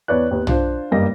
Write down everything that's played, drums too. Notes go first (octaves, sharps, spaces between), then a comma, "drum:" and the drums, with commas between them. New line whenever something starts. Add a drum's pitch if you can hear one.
E2 B4 C#5 D5 F#6
D#2 B3
D4 F4 C5, drum: tom
F#1 G2 G3 A#3 D#5 A#6